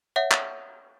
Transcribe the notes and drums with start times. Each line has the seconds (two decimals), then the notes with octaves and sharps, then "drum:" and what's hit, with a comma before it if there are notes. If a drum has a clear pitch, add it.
0.16 C#5 E5 F#5
0.31 drum: clap